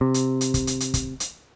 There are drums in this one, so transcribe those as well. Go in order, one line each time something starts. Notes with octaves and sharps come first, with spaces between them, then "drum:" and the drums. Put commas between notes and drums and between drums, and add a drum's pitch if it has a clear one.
C3
drum: hi-hat
drum: hi-hat
drum: kick, hi-hat
drum: hi-hat
drum: hi-hat
drum: kick, hi-hat
drum: hi-hat